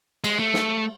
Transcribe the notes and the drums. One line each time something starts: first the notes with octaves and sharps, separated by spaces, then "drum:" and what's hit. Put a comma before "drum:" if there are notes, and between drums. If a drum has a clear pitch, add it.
G#3, drum: cymbal
A3
drum: snare